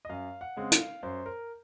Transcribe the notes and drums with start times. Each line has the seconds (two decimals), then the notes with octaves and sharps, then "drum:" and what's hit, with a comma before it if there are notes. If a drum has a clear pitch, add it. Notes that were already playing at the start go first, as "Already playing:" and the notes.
0.05 D#5
0.09 F#2 F5
0.41 F#5
0.57 C#3 G#3 C4
0.72 F5, drum: hi-hat
1.03 F#2 C5
1.26 A#4